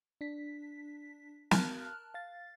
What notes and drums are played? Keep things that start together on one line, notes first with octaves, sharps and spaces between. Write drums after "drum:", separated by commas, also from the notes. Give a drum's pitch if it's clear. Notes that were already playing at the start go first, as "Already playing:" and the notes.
D4 B6
A#4 A5 F6 F#6, drum: snare
F5 A6